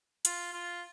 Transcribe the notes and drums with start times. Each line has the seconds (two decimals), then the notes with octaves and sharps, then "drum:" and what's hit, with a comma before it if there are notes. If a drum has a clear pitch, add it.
0.25 F4, drum: hi-hat
0.53 F4